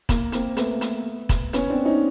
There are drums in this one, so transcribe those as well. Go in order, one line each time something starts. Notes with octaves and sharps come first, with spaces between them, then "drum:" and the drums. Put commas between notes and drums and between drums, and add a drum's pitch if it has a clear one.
A#3, drum: kick, hi-hat
A#3 C4, drum: hi-hat
A3 B3, drum: hi-hat
drum: hi-hat
drum: kick, hi-hat
B3 C#4, drum: hi-hat
C4 D4
C#4 D#4